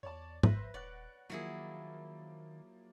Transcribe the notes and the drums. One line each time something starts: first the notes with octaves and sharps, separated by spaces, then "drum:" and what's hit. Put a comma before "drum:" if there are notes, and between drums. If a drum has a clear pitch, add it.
E2 C#5 D5 A5
G#1 B4 C5 E5 A#6, drum: tom
D#1 C#5 D5 F#5 F#6
D#3 F3 F#3 A#3 E4 G#4